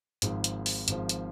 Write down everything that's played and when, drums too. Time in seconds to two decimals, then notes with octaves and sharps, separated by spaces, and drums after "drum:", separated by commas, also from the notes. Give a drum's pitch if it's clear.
0.22 G#1 G#2 F3, drum: hi-hat
0.44 drum: hi-hat
0.66 drum: open hi-hat
0.88 G#1 G#2 F3, drum: hi-hat
1.09 drum: hi-hat